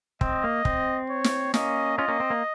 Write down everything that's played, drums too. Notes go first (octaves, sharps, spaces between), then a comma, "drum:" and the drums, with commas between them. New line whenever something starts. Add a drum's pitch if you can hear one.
C4 D#5, drum: kick
A#3
C4, drum: kick
C#5
drum: snare
A#3 C#4 D#5, drum: snare
C#4 F4 D#5
A#3 C#4
C4
A#3